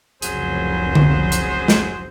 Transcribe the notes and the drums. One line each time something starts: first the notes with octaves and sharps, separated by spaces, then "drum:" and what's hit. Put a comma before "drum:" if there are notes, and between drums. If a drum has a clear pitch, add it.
F1 C2 C#3 F#3 G#4 C5, drum: hi-hat
drum: tom D3
drum: hi-hat
drum: snare